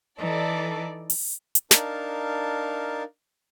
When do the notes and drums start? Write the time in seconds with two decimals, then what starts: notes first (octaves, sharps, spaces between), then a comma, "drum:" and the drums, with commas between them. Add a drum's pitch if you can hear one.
0.19 E3 D#4 A4 D5
1.10 drum: open hi-hat
1.55 drum: hi-hat
1.71 D4 D#4 A#4 F5 A5, drum: snare